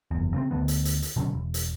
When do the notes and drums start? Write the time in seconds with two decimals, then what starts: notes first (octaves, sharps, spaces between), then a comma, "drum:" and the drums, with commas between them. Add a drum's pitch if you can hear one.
0.11 F#1 E2
0.34 C#3 A3 C4
0.51 D2 D3 D#3 B3
0.68 drum: hi-hat
0.85 drum: hi-hat
1.02 drum: hi-hat
1.16 B2 D3 F#3 C#4
1.33 E1
1.54 drum: hi-hat